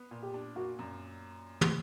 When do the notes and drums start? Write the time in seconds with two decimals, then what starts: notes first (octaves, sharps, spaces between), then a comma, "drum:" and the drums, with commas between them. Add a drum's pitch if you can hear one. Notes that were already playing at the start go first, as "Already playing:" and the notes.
Already playing: B3
0.11 A#2
0.23 G4
0.34 D4
0.56 A#3 F#4
0.79 F#2
1.61 drum: tom